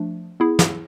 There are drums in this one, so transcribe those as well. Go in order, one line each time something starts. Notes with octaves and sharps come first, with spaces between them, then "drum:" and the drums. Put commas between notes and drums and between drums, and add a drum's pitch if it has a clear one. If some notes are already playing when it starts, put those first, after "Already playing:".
Already playing: F3 A3 D4
B3 E4 G#4
drum: snare